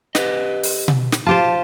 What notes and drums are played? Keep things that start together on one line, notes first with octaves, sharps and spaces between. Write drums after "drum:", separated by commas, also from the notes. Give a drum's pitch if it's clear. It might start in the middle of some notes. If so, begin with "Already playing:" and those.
G4 B4 D#5, drum: snare
drum: open hi-hat
drum: tom B2
drum: snare
F4 G4 C5 A5